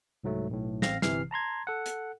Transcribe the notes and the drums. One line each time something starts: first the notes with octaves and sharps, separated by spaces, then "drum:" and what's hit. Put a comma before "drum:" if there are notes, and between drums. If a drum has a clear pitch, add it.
C2 G#2 F#3 A3
B1 A2
A1 C4 F5 F6 A#6, drum: snare
G1 C3 E3 F6 C7, drum: snare
A5 A#5 C6 G#6
A4 F#5
drum: hi-hat